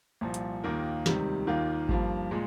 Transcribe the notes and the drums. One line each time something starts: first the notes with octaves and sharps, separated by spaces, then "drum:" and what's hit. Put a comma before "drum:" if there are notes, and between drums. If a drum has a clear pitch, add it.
C2 A#2 F3
drum: hi-hat
D#2 D#3 A#3 F4 A#4
C#2 C3 D#3 G3, drum: snare
D#2 D#3 A#3 F4
G2 F3 A#3, drum: kick G#1
A#2 G#3